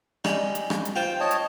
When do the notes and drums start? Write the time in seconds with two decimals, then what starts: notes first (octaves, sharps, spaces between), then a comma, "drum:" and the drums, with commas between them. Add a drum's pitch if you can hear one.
0.25 G3 G#3, drum: rim click
0.55 drum: hi-hat
0.70 drum: rim click
0.85 drum: hi-hat
0.96 F4 C5 G5
1.20 C#5 D#5 A5
1.31 drum: hi-hat